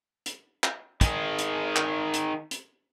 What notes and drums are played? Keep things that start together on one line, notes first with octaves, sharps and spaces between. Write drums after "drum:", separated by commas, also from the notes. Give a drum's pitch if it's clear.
drum: hi-hat
drum: clap
D#3 G#4, drum: kick, hi-hat
drum: hi-hat
drum: clap
drum: hi-hat
drum: hi-hat